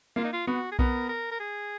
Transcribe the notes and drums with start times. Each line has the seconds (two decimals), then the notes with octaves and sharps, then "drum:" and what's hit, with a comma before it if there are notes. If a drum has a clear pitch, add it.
0.16 A#3 F4
0.25 D#4
0.33 F4
0.47 B3 F#4
0.72 G#4
0.79 B3 A#4, drum: kick B1
1.09 A#4
1.31 A#4
1.40 G#4